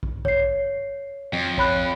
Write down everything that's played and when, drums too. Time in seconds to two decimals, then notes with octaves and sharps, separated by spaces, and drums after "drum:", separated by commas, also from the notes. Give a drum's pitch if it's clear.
0.03 drum: kick
0.25 C#5 C7, drum: kick
1.33 F2
1.58 C#5 B5 F#6, drum: kick